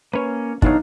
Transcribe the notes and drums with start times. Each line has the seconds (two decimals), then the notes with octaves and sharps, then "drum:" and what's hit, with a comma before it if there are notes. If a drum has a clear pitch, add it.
0.13 A#3 C#4 B4 C#5
0.62 E2 B2 F#3 D4 D#4 F5, drum: kick